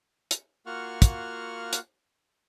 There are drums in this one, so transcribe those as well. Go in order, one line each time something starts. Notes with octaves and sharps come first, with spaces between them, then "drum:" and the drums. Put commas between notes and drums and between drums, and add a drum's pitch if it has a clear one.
drum: hi-hat
A#3 F4 F#4 F#5 C#6 F6
drum: kick, hi-hat
drum: hi-hat